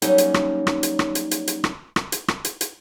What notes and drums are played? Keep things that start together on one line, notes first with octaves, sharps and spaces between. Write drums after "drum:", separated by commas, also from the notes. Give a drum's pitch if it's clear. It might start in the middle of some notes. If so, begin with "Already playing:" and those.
F#3 G3 A#3 C#4 D#4, drum: hi-hat
drum: hi-hat
drum: rim click
drum: rim click
drum: hi-hat
drum: rim click
drum: hi-hat
drum: hi-hat
drum: hi-hat
drum: rim click
drum: rim click
drum: hi-hat
drum: rim click
drum: hi-hat
drum: hi-hat